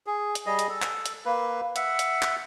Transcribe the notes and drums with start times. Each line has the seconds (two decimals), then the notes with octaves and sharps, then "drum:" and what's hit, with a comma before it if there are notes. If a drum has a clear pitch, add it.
0.07 G#4
0.35 drum: hi-hat
0.46 G3 G#4 D#5
0.59 drum: hi-hat
0.69 A4
0.82 drum: clap
1.06 drum: hi-hat
1.25 A#3 B4
1.76 E5 F#5, drum: hi-hat
1.99 drum: hi-hat
2.22 drum: clap